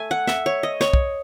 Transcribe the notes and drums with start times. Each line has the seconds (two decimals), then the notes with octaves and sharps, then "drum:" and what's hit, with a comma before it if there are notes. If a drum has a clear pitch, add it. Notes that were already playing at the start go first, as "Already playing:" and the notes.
Already playing: A3 E5 G#5
0.11 F#5
0.27 E5, drum: snare
0.46 C#5
0.63 D#5
0.81 C#5, drum: snare
0.93 drum: kick